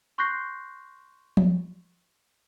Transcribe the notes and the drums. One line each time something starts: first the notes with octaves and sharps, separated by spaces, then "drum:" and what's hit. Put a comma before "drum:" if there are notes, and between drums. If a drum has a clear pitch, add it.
C6 C#6 F#6 G6 A#6 C7
drum: tom F3